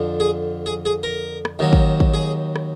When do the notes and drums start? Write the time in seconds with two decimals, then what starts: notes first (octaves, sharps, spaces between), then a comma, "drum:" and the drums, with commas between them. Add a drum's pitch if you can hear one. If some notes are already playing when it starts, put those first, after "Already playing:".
Already playing: F2 D3 F3
0.20 G#4
0.66 G#4
0.85 G#4
1.03 A#4
1.45 drum: rim click
1.59 D#2 D#3 F#3
1.73 drum: kick
2.00 drum: kick
2.14 G#4
2.56 drum: rim click